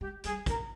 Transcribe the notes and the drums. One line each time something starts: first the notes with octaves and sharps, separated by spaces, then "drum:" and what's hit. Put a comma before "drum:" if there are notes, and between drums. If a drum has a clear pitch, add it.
G#3 G4
G3 G#4, drum: hi-hat
D#3 A#4, drum: kick, hi-hat